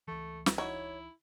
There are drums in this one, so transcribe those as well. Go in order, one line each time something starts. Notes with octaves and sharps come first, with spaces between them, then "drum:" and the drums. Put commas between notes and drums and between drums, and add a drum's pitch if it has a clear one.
C#2 E3 A3
drum: snare
D#4 E4 F#4 C#5